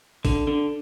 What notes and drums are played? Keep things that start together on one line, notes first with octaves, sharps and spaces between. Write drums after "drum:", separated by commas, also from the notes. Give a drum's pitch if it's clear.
D3, drum: kick G#1, open hi-hat
D3